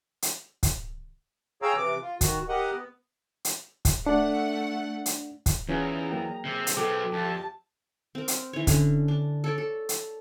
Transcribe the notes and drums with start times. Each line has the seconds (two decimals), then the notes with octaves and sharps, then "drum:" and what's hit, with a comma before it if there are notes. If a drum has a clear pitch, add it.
0.22 drum: hi-hat
0.63 drum: kick, hi-hat
1.62 G#4 C#5 F5 G5 A#5 E6
1.77 C3 E3 D6
2.02 F4
2.21 D#3 F#4, drum: kick, hi-hat
2.49 G4 A#4 D#5 F#5
2.73 B3
3.45 drum: hi-hat
3.85 drum: kick, hi-hat
4.06 A3 D4 F#5
5.06 drum: hi-hat
5.46 drum: kick, hi-hat
5.69 E2 E3 C#4 F4 G#4 A#5
6.11 F#3 A#3 G5
6.45 C3 G#4 C5
6.67 drum: hi-hat
6.77 F#3 B3 A4 G5 D6
7.13 F2 G4 A5
8.15 C4 A#4
8.28 drum: hi-hat
8.53 E3 C#5
8.67 D3 C#4, drum: kick, hi-hat
9.08 D4
9.44 A4 C#5 D5
9.58 A4
9.89 drum: hi-hat